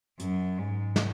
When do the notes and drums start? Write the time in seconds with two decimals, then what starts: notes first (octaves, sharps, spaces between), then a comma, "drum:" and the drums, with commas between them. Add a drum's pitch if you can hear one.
0.20 F#2, drum: hi-hat
0.58 G#2
0.96 drum: snare